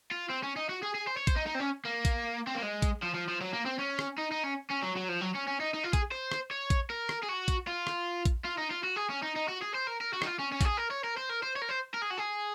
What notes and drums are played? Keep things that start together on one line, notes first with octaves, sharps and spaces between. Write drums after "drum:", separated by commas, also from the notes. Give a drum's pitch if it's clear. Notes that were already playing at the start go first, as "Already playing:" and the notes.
F4
C4
C#4
D#4
F#4
G#4
G#4
C5
C#5
C5, drum: kick A#1, hi-hat
D#4
D#4
C4
C#4
A#3
drum: kick A#1, hi-hat
C4
A#3
G#3
drum: kick A#1, hi-hat
F3
F3
F3
F#3
A#3
C4
C#4
drum: rim click
D#4
D#4
C#4
C#4
F#3
F#3
F3
F#3
C#4
C#4
D#4
D#4
F4
G#4, drum: kick A#1, hi-hat
C5
drum: rim click
C#5
drum: kick A#1, hi-hat
A#4
drum: rim click
G#4
F#4
drum: kick A#1, hi-hat
F4
drum: rim click
drum: kick A#1, hi-hat
F4
D#4
F4
F#4
G#4
C#4
D#4
D#4
F#4
G#4
C5
A#4
A#4
F#4
D#4, drum: rim click
F4
C#4
C#4
F#4, drum: kick A#1, hi-hat
G#4
A#4
C#5
A#4
C5
A#4
C5
C#5
A#4
C5
A#4
G#4
F#4
G#4